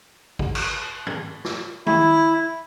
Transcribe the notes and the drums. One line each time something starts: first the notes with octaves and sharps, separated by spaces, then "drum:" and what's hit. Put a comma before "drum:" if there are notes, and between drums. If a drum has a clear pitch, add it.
drum: kick
drum: cymbal
drum: tom
drum: snare
E4, drum: tom D#3